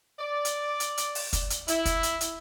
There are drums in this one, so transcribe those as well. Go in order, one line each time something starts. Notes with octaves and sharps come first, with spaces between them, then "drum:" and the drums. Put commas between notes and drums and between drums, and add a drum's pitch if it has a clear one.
D5
drum: hi-hat
drum: hi-hat
drum: hi-hat
drum: open hi-hat
drum: kick, hi-hat
drum: hi-hat
E4, drum: hi-hat
drum: kick, hi-hat
drum: hi-hat
drum: hi-hat